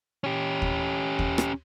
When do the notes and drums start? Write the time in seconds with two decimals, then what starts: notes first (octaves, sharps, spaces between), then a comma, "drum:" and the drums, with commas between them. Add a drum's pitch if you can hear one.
0.24 C#4 G4
0.62 drum: kick D#2
1.19 drum: kick D#2
1.38 drum: rim click